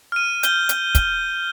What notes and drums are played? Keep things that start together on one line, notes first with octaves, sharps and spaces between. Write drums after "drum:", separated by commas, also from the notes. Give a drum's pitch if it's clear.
F6 D#7
G6 G7, drum: hi-hat
drum: hi-hat
drum: kick, hi-hat